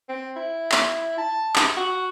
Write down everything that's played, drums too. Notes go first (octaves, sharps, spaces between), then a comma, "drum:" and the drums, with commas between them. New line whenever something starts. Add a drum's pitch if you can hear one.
C4
E4
drum: clap
A5
drum: clap
F#4